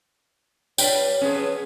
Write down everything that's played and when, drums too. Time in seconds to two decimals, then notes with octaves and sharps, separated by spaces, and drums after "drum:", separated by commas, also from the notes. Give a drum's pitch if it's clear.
0.78 G3 D4 F4 B4 C#5 G5, drum: tambourine
1.21 E3 F3 B3 C#4 G#4